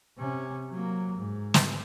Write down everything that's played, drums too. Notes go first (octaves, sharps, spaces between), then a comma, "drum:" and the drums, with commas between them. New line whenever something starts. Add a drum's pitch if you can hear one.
C3 C#4
F#3 A#3
G#2
drum: snare